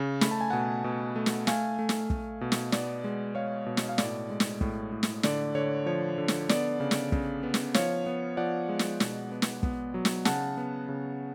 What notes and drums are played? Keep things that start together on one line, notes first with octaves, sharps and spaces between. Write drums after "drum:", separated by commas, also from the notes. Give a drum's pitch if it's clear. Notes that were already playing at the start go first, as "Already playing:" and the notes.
Already playing: C#3
A3 B5, drum: snare
A5
G#5
B2 F#5 A5
B2
A3
drum: snare
A3 F5 G#5, drum: snare
A3
drum: snare
A3, drum: kick
B2
drum: snare
B3 D5, drum: snare
G#3
G#3 C#5 F5
B2
drum: snare
F5
A2 D5, drum: snare
G#3
drum: snare
A2, drum: kick
A2
drum: snare
D3 D5, drum: snare
D3 C#5
F3 C#5
D3
drum: snare
B3 D5, drum: snare
C#3
drum: snare
C#3, drum: kick
B3
drum: snare
F3 C#5 F5, drum: snare
B3
F3 D5 F#5
G#3
drum: snare
B2, drum: snare
B3
drum: snare
B3, drum: kick
F#3
drum: snare
C#3 F#5 A5, drum: snare
B3
C#3